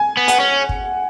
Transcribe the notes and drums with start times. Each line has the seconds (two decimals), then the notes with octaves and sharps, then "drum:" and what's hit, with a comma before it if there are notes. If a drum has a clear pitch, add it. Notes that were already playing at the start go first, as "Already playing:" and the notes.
Already playing: G#5
0.17 B3
0.28 F#5, drum: hi-hat
0.40 C#4
0.69 drum: kick